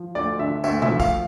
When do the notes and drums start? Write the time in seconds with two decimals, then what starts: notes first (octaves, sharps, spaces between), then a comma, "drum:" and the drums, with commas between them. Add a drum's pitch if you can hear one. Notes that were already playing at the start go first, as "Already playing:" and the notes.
Already playing: F3
0.15 D2 D5
0.39 D3 E5
0.64 D2 E5, drum: tambourine
0.82 E5, drum: tom B2
0.88 F3
1.00 F5, drum: kick, tambourine